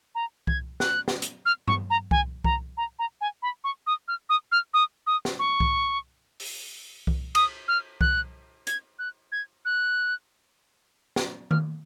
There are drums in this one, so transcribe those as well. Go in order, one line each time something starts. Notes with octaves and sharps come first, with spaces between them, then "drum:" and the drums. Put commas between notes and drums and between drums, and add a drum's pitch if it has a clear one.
A#5
G#6, drum: kick C2
F#6, drum: snare
drum: snare
drum: hi-hat
F6
C#6, drum: tom G2
A#5
G#5, drum: kick C2
A#5, drum: kick C2
A#5
A#5
G#5
B5
C#6
D#6
F6
D#6
F6
D#6
D#6
drum: snare
C#6
drum: kick C2
drum: open hi-hat
drum: kick C2
D#6, drum: cymbal
F6
F#6, drum: kick C2
G#6, drum: hi-hat
F#6
G#6
F#6
drum: snare
F6, drum: tom D#3